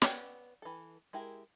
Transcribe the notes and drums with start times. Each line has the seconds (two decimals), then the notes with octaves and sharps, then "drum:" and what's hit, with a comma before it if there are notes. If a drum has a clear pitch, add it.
0.02 B3 C#4 C#5 D5 G5, drum: snare
0.62 E3 A4
1.13 G#3 E4 G4 A#4